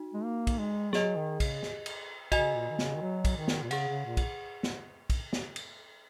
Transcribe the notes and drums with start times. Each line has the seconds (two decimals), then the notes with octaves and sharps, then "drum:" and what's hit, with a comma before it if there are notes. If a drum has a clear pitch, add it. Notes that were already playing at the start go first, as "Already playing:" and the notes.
Already playing: D#4 F#4
0.14 G#3
0.24 A#3
0.47 drum: kick, cymbal
0.59 G#3
0.93 F#3 G#4 D#5 G#5, drum: snare
1.16 D#3
1.40 C#3, drum: kick, cymbal
1.63 drum: snare
1.86 drum: cymbal
2.32 C#3 F#4 D#5 G#5, drum: kick, cymbal
2.55 A#2
2.70 D#3
2.79 C#3, drum: snare
2.96 D#3
3.01 F#3
3.25 drum: kick, cymbal
3.37 D#3
3.48 drum: snare
3.62 A#2
3.71 C#3 G#4 F#5, drum: cymbal
3.88 C#3
4.06 A#2
4.17 drum: kick, cymbal
4.63 drum: snare
5.10 drum: kick, cymbal
5.33 drum: snare
5.56 drum: cymbal